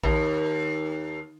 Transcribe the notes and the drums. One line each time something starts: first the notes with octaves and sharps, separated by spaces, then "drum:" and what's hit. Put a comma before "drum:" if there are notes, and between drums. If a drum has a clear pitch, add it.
D#2, drum: kick A#1